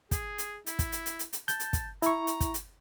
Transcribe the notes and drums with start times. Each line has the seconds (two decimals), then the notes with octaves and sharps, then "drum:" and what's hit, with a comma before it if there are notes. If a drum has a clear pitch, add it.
0.11 G#4, drum: kick, hi-hat
0.38 drum: hi-hat
0.66 E4, drum: hi-hat
0.79 drum: kick, hi-hat
0.92 drum: hi-hat
1.06 drum: hi-hat
1.19 drum: hi-hat
1.33 drum: hi-hat
1.48 A5 G6, drum: hi-hat
1.60 drum: hi-hat
1.73 drum: kick, hi-hat
2.02 E4 A#5 C#6, drum: hi-hat
2.27 drum: hi-hat
2.40 drum: kick, hi-hat
2.54 drum: hi-hat